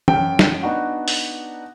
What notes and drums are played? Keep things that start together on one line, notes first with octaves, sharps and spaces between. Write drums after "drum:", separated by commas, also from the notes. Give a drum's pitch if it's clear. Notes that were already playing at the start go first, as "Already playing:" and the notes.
F#2 G5, drum: tom
drum: snare
B3 D4 D#4 F#4
drum: open hi-hat